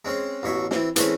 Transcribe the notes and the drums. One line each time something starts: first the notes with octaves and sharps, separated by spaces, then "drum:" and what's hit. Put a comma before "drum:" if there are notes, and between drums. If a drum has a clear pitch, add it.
G#3 C4 C#4 G#4
A1 B2 C#5 E5 C#6
E3 C4, drum: snare
E3 G#3 A3 C4 C#4, drum: hi-hat